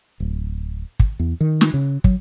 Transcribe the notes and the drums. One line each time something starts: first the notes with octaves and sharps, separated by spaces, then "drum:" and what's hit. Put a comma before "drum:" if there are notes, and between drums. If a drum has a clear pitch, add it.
D1
drum: kick
E2
D#3
drum: snare
C#3
F#3, drum: kick